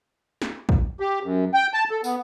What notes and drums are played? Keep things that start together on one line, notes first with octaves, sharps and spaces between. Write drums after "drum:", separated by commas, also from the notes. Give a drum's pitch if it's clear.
drum: snare
drum: kick
G4
F#2
G5
A5
A4
B3, drum: tambourine